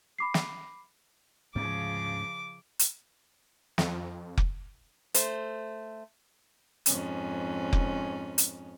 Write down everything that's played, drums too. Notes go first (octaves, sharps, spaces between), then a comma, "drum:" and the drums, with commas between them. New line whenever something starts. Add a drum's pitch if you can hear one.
B5 D6 C7
drum: snare
D2 G#2 C#3 F3 C#4 D6
drum: hi-hat
F2, drum: snare
drum: kick F1
A3 C5, drum: hi-hat
F2 G#2 C#4, drum: hi-hat
drum: kick F1
drum: hi-hat